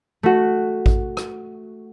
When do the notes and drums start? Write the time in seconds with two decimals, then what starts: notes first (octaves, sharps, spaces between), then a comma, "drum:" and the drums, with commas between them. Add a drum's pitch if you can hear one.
0.23 A3 F#4
0.86 drum: kick A1
1.17 drum: rim click